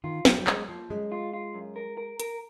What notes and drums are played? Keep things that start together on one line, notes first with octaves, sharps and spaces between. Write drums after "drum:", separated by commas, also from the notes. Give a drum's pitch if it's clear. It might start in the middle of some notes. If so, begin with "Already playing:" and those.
D#3 F4
F#3 C4, drum: snare
F#3
F#2 G#3, drum: clap
F3 A#3
F#2 G#3
F4
F4
F#2
A#4
A#4
A#4, drum: hi-hat